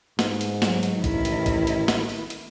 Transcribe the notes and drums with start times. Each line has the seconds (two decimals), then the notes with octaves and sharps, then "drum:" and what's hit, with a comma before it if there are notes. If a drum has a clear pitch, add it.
0.19 G#2, drum: snare
0.41 drum: hi-hat
0.62 F#3, drum: snare
0.83 drum: hi-hat
1.04 A1 D#3 E4, drum: kick, hi-hat
1.25 drum: hi-hat
1.46 drum: kick, hi-hat
1.67 drum: hi-hat
1.88 drum: snare
2.09 drum: open hi-hat
2.30 drum: hi-hat